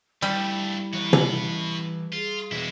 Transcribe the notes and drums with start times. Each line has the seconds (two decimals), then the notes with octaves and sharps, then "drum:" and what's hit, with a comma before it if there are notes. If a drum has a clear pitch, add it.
0.22 G2 G3 A3 E4
0.93 E3 F#4 B4 C#5
1.13 drum: tom
2.13 F4 G#4
2.52 B2 E3 G#3 E4